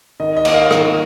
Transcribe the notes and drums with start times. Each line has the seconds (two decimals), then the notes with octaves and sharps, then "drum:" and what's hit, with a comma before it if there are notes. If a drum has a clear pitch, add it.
0.20 D#3 D#5
0.37 D#5
0.45 A#3, drum: cymbal
0.54 F5
0.71 D#3, drum: rim click